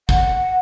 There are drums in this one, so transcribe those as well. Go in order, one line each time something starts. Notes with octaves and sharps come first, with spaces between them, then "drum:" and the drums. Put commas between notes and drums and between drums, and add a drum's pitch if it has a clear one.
F#5, drum: kick